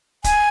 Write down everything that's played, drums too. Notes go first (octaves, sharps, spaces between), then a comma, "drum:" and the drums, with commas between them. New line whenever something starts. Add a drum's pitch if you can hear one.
G#5, drum: kick, hi-hat